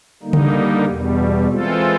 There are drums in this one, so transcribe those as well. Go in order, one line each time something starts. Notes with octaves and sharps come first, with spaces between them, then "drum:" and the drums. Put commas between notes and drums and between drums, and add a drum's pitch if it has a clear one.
D3 G3 A#3 D#4
drum: tom C#3
E2 B2 G3
E3 G#3 C4 F4 A4